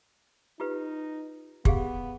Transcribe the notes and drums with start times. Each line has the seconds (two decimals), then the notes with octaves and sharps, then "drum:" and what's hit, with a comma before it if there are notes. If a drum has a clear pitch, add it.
0.60 D#4 F4 G4 B4
1.65 B3 G4 G#4 F5, drum: kick